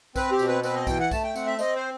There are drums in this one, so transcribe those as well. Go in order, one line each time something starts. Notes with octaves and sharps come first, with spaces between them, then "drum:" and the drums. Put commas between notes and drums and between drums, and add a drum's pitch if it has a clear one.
C4 B4, drum: kick B1, tambourine
G4
B2, drum: tambourine
B4
C4 B4, drum: tambourine
D#5
E3 G5, drum: kick B1, tambourine
F#5
A3 A5, drum: kick B1, tambourine
G5
C4 F#5, drum: tambourine
E5
C4 D#5, drum: tambourine
C5